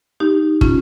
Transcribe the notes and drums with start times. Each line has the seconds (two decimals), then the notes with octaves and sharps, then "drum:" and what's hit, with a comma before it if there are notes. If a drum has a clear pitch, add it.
0.20 D#4 G4
0.61 C#4 F4, drum: kick